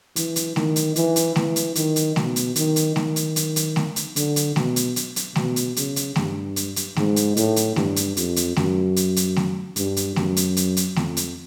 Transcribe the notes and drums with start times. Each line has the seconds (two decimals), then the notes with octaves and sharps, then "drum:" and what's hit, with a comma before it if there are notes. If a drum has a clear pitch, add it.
0.16 E3, drum: hi-hat
0.36 drum: hi-hat
0.56 D#3, drum: snare A3
0.76 drum: hi-hat
0.96 E3, drum: hi-hat
1.16 drum: hi-hat
1.36 E3, drum: snare A3
1.56 drum: hi-hat
1.75 D#3, drum: hi-hat
1.96 drum: hi-hat
2.16 B2, drum: snare A3
2.36 drum: hi-hat
2.56 D#3, drum: hi-hat
2.76 drum: hi-hat
2.96 D#3, drum: snare A3
3.16 drum: hi-hat
3.36 drum: hi-hat
3.56 drum: hi-hat
3.76 drum: snare A3
3.96 drum: hi-hat
4.16 D3, drum: hi-hat
4.36 drum: hi-hat
4.56 B2, drum: snare A3
4.76 drum: hi-hat
4.96 drum: hi-hat
5.16 drum: hi-hat
5.36 B2, drum: snare A3
5.56 drum: hi-hat
5.76 C#3, drum: hi-hat
5.96 drum: hi-hat
6.16 G2, drum: snare A3
6.56 drum: hi-hat
6.76 drum: hi-hat
6.96 G#2, drum: snare A3
7.16 drum: hi-hat
7.37 A2, drum: hi-hat
7.56 drum: hi-hat
7.76 G2, drum: snare A3
7.96 drum: hi-hat
8.17 F2, drum: hi-hat
8.36 drum: hi-hat
8.56 F#2, drum: snare A3
8.96 drum: hi-hat
9.16 drum: hi-hat
9.36 drum: snare A3
9.76 G2, drum: hi-hat
9.96 drum: hi-hat
10.16 F#2, drum: snare A3
10.37 drum: hi-hat
10.57 drum: hi-hat
10.77 drum: hi-hat
10.96 F2, drum: snare A3
11.17 drum: hi-hat